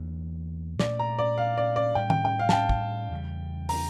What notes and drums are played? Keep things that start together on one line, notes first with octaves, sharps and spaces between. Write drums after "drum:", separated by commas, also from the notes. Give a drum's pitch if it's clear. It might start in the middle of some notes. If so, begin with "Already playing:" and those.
Already playing: E2 E3 A#3 D4
A#2 A3 C#4 D5, drum: snare
A#5
D5
F5
D5
D5
A2 G3 C#4 G5
G5, drum: tom D#3
G5
F5
A5, drum: snare
G5
drum: kick
E2 C#3 G3
A#5, drum: open hi-hat